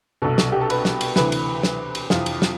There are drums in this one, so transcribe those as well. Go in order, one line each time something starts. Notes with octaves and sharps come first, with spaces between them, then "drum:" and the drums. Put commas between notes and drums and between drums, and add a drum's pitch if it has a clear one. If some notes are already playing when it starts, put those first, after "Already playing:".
C2 B2 A4
drum: snare
G4
A4
B4, drum: cymbal
drum: snare
drum: cymbal
D2 C3 E3 B4, drum: snare
drum: cymbal
drum: snare
drum: cymbal
F2 C3 E3 F4, drum: snare
drum: cymbal
drum: snare